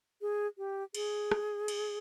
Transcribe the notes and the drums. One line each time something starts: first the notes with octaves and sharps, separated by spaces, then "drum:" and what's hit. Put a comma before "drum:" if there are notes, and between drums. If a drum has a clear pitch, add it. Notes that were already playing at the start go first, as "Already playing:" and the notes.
G#4
G4
G#4, drum: cymbal
drum: rim click
drum: cymbal